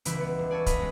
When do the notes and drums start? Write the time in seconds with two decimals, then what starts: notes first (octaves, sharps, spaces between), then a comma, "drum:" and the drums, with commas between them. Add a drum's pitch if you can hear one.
0.05 D#1 C#2 E3 G3 B4 E5, drum: hi-hat
0.20 B3
0.39 E1
0.51 D5 G#5 A5 C#6 E6
0.66 B4 D#5 F5 B5, drum: kick, hi-hat
0.78 G3 G#3 B3 C#4